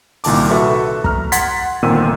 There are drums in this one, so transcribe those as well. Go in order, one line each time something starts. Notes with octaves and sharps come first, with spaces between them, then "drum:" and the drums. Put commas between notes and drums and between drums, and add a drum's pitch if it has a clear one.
C2 A#2 D#3 A5 D6, drum: open hi-hat
F#4 A4 B4 E5
A#5 F6, drum: kick
F#5 C6 G#6 A6 B6, drum: hi-hat
G1 A#2 D#3 C4 E6 D#7